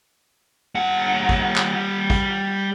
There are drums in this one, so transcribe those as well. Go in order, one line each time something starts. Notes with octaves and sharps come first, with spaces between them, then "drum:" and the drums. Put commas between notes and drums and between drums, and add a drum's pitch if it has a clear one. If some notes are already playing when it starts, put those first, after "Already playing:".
G3 F#5
drum: kick
drum: clap
drum: kick